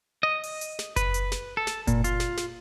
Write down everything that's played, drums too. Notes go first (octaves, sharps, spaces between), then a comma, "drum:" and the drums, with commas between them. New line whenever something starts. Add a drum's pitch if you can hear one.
D#5
drum: open hi-hat
drum: hi-hat
drum: snare
B4, drum: kick F#1, hi-hat
drum: hi-hat
drum: snare
A4
drum: snare
A#2, drum: kick F#1, hi-hat
F4, drum: hi-hat
drum: snare
drum: snare